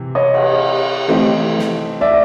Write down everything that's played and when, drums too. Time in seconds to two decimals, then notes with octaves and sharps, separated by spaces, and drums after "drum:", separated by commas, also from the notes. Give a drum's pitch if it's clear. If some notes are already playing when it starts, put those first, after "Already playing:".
Already playing: C3 E3
0.15 C#5 D#5
0.34 drum: cymbal
1.08 E3 A3 C4 D#4 G4
1.59 drum: snare
2.01 D5 E5